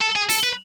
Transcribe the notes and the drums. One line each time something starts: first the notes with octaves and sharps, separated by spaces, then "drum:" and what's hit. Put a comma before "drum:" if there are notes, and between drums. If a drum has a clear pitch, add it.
A4
G#4
A4, drum: open hi-hat
B4